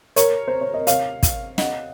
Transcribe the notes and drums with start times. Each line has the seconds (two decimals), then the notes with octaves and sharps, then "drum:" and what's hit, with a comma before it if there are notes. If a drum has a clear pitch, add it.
0.16 A#4 C#5, drum: hi-hat
0.48 C5
0.61 C#5
0.74 D#5
0.87 C#5 F5, drum: hi-hat
1.23 drum: kick, hi-hat
1.58 D#5 F#5, drum: snare